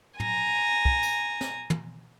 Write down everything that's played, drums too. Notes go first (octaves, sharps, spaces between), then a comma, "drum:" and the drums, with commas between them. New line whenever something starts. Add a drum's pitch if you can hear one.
G#5 A#5, drum: tom
drum: kick
drum: tambourine
drum: snare
drum: tom